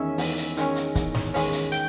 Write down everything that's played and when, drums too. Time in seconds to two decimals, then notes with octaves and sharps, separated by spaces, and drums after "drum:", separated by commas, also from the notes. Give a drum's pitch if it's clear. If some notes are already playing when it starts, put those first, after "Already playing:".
Already playing: E2 D#3 G#3 C#4 E5
0.18 E2, drum: open hi-hat
0.38 drum: hi-hat
0.57 D#3 G#3 C#4, drum: hi-hat
0.76 drum: hi-hat
0.95 E2, drum: kick, hi-hat
1.14 drum: snare
1.34 D#3 G#3 C#4, drum: open hi-hat
1.53 drum: hi-hat
1.72 G5, drum: hi-hat